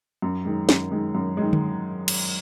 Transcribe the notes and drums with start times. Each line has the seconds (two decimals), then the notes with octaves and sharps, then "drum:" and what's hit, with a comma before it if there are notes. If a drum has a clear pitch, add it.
0.22 F#2
0.45 D#3 G#3
0.69 F#2, drum: snare
0.91 D#3 G#3
1.15 F#2
1.37 D#3 G#3
1.53 drum: tom D3
2.08 drum: cymbal